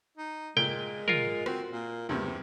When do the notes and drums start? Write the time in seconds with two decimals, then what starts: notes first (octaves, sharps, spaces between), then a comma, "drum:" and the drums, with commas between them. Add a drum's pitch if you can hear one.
0.17 D#4
0.57 A#2 G#3 G5
1.08 F4 A#4, drum: tom
1.46 C4 F#4, drum: rim click
1.72 A#2
2.09 E2 G2 C3, drum: tom